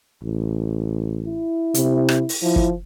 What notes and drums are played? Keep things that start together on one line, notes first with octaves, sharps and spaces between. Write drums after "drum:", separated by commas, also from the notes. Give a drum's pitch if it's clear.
A1
E4
C3, drum: hi-hat
drum: rim click
drum: open hi-hat
F3 E4
drum: kick